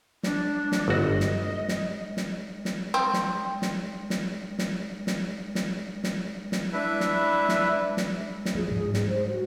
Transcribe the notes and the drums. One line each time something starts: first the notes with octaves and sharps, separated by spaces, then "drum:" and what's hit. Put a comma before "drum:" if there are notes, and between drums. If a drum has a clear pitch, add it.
D4, drum: snare
drum: snare
G1 F#4 D#5
drum: snare
drum: snare
drum: snare
drum: snare
C4
drum: snare
drum: snare
drum: snare
drum: snare
drum: snare
drum: snare
drum: snare
drum: snare
D4 E4 B4 E5
drum: snare
drum: snare
drum: snare
drum: snare
F3 G#4
G#2
drum: snare
C5
F#4